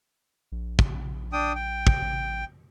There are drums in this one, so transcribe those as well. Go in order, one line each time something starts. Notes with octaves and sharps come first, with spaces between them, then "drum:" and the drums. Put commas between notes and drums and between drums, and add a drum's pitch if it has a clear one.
A#1
drum: kick
D4 G5 D#6
G5
drum: kick
A1